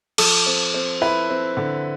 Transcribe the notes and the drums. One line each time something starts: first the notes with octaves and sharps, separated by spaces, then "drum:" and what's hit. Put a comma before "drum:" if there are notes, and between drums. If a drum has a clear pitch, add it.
F3 A4, drum: cymbal
C4
C4
E4 B4
C4
D3